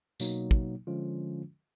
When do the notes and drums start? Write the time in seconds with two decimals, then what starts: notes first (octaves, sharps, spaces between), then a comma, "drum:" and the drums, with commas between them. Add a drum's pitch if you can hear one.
0.20 B2 F#3 A#3 D#4, drum: tambourine
0.51 drum: kick
0.87 D3 F3 G#3 C#4 F4